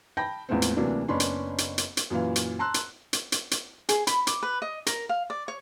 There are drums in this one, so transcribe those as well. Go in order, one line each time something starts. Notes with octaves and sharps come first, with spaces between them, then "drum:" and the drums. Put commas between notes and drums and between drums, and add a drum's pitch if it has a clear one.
G5 A5 B5 G6 A#6
E2 A2 F3 G#3 B3 C4
drum: hi-hat
D2 C3 E3 F#3 A#3 D4
F#1 B3 C#4 D4 B5 C6
drum: hi-hat
drum: hi-hat
drum: hi-hat
drum: hi-hat
F#2 A#2 E3 F5
drum: hi-hat
A5 A#5 C6 E6 F#6
drum: hi-hat
drum: hi-hat
drum: hi-hat
drum: hi-hat
G#4, drum: hi-hat
B5, drum: hi-hat
D6, drum: hi-hat
B4
D#5
A#4, drum: hi-hat
F5
D5
C#5